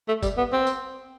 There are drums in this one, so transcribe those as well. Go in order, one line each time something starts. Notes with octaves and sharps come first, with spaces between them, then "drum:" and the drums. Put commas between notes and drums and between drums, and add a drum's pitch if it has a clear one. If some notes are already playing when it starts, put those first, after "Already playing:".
A3
G3, drum: kick, tambourine
B3
C4
drum: tambourine